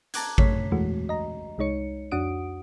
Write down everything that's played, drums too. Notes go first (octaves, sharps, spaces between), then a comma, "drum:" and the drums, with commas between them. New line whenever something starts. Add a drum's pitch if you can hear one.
A5 A#5 D6 F#6 G#6, drum: hi-hat
F#2 A3 C#5 B6, drum: kick G#1
E2 E3 G#3 A3 F#4
D#5 A#5
C2 G#3 D#4 C#5 C#7
F2 D4 F#4 F#5 D#6 D7